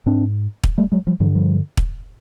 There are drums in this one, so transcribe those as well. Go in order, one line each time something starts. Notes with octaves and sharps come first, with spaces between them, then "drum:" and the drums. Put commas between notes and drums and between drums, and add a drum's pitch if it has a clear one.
G#2 C4 D4
drum: kick
G3 A3
F#3 G#3
F3 G3
G2 D3 E3 F#3
F3 G3
drum: kick